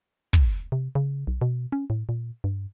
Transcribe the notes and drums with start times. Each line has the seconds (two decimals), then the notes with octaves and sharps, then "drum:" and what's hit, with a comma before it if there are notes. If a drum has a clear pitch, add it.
0.33 drum: kick
0.72 C3
0.95 C#3
1.27 B1
1.41 B2
1.72 C#4
1.90 A2
2.09 A#2
2.44 G2